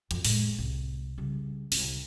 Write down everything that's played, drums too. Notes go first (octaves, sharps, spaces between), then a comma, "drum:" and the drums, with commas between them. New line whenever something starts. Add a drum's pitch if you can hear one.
D#1 F2, drum: hi-hat
A2 G#3, drum: open hi-hat
C2
C#3 G3
C2, drum: open hi-hat